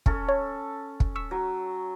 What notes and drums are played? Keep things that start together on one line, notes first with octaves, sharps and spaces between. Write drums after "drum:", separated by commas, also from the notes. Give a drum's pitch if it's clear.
C#4 A4, drum: kick
C#5
drum: kick
C#6 E6 B6
F#3